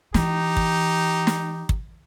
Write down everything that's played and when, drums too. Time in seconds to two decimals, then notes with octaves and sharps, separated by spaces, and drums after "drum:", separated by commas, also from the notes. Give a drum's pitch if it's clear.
0.14 E3 D#4 G4, drum: snare
0.57 drum: kick
1.27 drum: snare
1.69 drum: kick